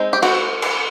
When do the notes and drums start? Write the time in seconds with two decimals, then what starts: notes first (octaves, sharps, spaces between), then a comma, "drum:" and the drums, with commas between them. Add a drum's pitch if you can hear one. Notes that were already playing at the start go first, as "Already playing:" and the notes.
Already playing: G#3 C4 D#4
0.13 G4
0.22 F#4, drum: cymbal
0.62 drum: cymbal